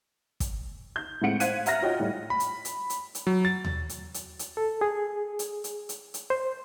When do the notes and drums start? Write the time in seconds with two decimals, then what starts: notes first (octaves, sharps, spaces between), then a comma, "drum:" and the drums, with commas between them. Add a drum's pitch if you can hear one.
0.40 drum: kick, hi-hat
0.96 G6
1.21 A2 G#3 C4 F#5 C#7 D7
1.40 C5 F5 F#6 G#6 B6 D#7, drum: hi-hat
1.66 E5 F#5 A#5 F6 A6 A#6, drum: hi-hat
1.82 F4 F#4 C#5 D#5 G5
1.99 A2 G3
2.30 B5
2.40 drum: hi-hat
2.65 drum: hi-hat
2.90 drum: hi-hat
3.15 drum: hi-hat
3.27 F#3
3.45 A6
3.65 drum: tom D#2
3.89 drum: hi-hat
4.14 drum: hi-hat
4.39 drum: hi-hat
4.57 A4
4.81 G#4
5.39 drum: hi-hat
5.64 drum: hi-hat
5.89 drum: hi-hat
6.14 drum: hi-hat
6.30 C5